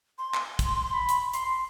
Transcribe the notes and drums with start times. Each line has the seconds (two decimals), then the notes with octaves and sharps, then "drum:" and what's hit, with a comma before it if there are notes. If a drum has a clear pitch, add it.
0.18 C6
0.34 drum: clap
0.59 drum: kick, hi-hat
0.92 B5
1.09 drum: hi-hat
1.33 C6, drum: hi-hat